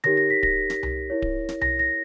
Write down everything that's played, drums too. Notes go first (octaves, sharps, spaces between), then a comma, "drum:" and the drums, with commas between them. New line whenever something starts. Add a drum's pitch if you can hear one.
D#4 G4 A#4 C#5 A#6, drum: tom D3
A#6
B6
A#6, drum: kick D1
drum: snare
drum: tom C2
E4 A#4 C#5
drum: kick D1
drum: snare
A#6, drum: tom C2
A#6